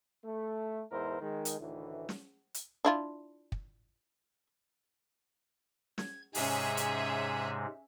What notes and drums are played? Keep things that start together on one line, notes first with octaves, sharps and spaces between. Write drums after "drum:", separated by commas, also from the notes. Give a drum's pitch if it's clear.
A3
E2 G#2 E4 A#4 C5
D#3 G#3
drum: hi-hat
D2 A2 D#3 E3
drum: snare
drum: hi-hat
D4 E4 F4
drum: kick
G#6, drum: snare
G#2 C3 G#3 C#4 G#4 E5, drum: open hi-hat
drum: hi-hat